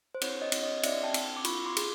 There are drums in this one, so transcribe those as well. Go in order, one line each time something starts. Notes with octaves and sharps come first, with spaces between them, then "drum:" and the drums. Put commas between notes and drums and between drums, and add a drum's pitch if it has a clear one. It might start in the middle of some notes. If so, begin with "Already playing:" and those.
C5
C4 C#5, drum: cymbal
C#5 D#5
C4, drum: cymbal
C#5 D#5
D#5
C4 D5 E5, drum: cymbal
G5 A5
C4, drum: cymbal
D6
F4 B5 C#6, drum: cymbal
C6 D6
G#4, drum: cymbal